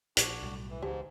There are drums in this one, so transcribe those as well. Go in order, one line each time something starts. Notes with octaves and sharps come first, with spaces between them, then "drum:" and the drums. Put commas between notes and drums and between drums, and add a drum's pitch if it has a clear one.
A#1 D4 F#4, drum: hi-hat
B1 A2 G3
E3
C#2 G#2 E3 G4 A5